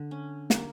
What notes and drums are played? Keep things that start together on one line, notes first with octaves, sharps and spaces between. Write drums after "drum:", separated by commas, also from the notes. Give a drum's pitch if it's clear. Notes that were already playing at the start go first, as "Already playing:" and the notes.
Already playing: D3
C#4
A#3, drum: snare